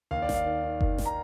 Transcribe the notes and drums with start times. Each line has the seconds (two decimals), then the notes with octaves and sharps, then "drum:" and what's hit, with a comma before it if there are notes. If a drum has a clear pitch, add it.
0.11 D#2 F5
0.22 D5
0.29 D#2, drum: snare G#1
0.34 F5
0.45 D#3
0.63 D#3
0.81 D#3, drum: kick F#1
0.98 D#3, drum: snare G#1
1.06 A#5